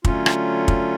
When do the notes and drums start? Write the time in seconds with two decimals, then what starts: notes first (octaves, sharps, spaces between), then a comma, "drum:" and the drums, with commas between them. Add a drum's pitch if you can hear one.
0.05 D3 F#3 A3 C#4 F4, drum: kick
0.26 drum: rim click
0.68 drum: kick